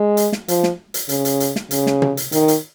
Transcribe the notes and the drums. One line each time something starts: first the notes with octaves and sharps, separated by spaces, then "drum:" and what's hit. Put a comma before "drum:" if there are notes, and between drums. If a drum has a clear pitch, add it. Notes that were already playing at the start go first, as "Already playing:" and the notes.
Already playing: G#3
drum: hi-hat
drum: snare
F3, drum: hi-hat
drum: snare
drum: hi-hat
C#3, drum: hi-hat
drum: hi-hat
drum: hi-hat
drum: snare
C#3, drum: hi-hat
drum: snare
drum: tom
drum: hi-hat
D#3, drum: hi-hat
drum: hi-hat